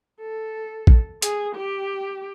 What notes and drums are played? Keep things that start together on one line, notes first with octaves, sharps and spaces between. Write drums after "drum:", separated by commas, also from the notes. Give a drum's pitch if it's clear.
A4
drum: kick A#1
G#4, drum: hi-hat
G4